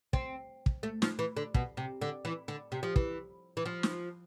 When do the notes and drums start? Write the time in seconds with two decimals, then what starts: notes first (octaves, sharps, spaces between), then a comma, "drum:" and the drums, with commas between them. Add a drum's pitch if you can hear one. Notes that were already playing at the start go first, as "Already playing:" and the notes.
0.13 C4, drum: kick
0.66 drum: kick
0.83 A3
1.02 F3, drum: snare
1.19 E3
1.37 D3
1.54 B2, drum: kick
1.77 C3
2.01 D3
2.25 E3
2.48 D3
2.72 C3
2.83 F3
2.96 E3, drum: kick
3.57 E3
3.65 F3
3.83 drum: snare